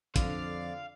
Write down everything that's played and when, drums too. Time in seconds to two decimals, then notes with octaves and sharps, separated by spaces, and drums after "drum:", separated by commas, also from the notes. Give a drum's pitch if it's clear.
0.16 F2 D3 D5 F5 D6, drum: kick A1, hi-hat